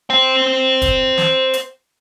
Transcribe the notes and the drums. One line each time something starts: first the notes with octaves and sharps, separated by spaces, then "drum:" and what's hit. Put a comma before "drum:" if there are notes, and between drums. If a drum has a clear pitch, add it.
C5 G5
drum: kick, hi-hat
drum: snare
drum: hi-hat